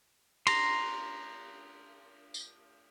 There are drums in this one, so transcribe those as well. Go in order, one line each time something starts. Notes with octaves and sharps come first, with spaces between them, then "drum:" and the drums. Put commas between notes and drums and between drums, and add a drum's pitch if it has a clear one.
A#5 C6, drum: cymbal
drum: tambourine